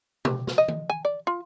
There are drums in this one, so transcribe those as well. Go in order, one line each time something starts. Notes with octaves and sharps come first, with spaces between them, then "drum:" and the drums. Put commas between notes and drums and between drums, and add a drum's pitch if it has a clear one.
G4, drum: tom B2
drum: snare
D#5
drum: tom D#3
G#5
D5
F4